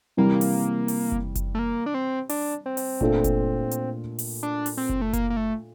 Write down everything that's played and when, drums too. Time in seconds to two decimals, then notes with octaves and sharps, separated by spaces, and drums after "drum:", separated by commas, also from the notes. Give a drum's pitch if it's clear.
0.17 C3 E3 G3 A#3
0.41 drum: open hi-hat
0.88 drum: open hi-hat
1.12 drum: kick F#1
1.35 drum: kick F#1, hi-hat
1.55 A3
1.59 A#3
1.86 D4
1.94 C4
2.29 D4, drum: open hi-hat
2.66 C4
2.77 drum: open hi-hat
3.01 A#2 A3 D4 F4 A4, drum: kick F#1
3.24 drum: kick F#1, hi-hat
3.71 drum: hi-hat
4.19 drum: open hi-hat
4.43 D4
4.66 drum: open hi-hat
4.77 C4
4.89 drum: kick F#1
5.02 A3
5.13 A#3, drum: kick F#1, hi-hat
5.30 A#3
5.37 A3